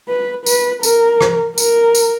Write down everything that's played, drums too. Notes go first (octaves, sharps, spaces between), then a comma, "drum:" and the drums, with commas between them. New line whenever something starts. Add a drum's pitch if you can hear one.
B4
B4, drum: tambourine
A#4, drum: tambourine
drum: rim click
A#4, drum: tambourine
drum: tambourine